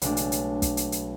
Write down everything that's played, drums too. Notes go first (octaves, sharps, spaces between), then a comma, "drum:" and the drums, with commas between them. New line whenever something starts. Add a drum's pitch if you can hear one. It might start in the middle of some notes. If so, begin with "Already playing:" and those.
B1 G#3 A3 D4, drum: hi-hat
drum: hi-hat
drum: hi-hat
drum: kick, hi-hat
drum: hi-hat
drum: hi-hat